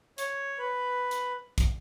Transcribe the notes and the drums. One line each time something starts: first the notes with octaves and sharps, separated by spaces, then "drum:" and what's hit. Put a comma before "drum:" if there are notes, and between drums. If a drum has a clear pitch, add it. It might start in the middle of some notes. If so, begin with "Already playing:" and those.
C#5, drum: hi-hat
B4
drum: hi-hat
drum: kick, hi-hat